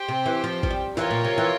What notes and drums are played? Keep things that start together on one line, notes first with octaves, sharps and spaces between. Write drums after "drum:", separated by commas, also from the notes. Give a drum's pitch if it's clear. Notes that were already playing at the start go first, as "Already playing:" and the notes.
Already playing: G4 C5 G5
C3
E3
F3
F3, drum: kick A1
G3
E3 F4 A#4 C#5 G5, drum: snare
A#2
C3
E3